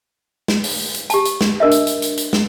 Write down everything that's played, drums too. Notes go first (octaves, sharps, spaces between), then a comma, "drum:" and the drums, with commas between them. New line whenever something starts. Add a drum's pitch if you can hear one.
drum: snare
drum: open hi-hat
drum: hi-hat
G4 A5, drum: hi-hat
drum: hi-hat
drum: snare
D4 A#4 D#5 E5
drum: hi-hat
drum: hi-hat
drum: hi-hat
drum: hi-hat
drum: snare